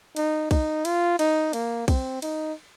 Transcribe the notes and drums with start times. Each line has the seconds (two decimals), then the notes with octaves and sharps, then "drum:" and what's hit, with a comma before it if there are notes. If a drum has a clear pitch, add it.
0.16 D#4, drum: cymbal
0.51 D#4, drum: kick B1, cymbal
0.85 F4, drum: cymbal
1.19 D#4, drum: cymbal
1.53 A#3, drum: cymbal
1.88 C4, drum: kick B1, cymbal
2.22 D#4, drum: cymbal